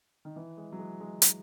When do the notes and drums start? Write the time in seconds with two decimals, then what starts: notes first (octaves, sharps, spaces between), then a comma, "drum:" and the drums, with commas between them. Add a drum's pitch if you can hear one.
0.25 D#3
0.36 E3
0.57 G#3
0.72 F#3
0.79 G#3
1.00 G#3
1.22 drum: hi-hat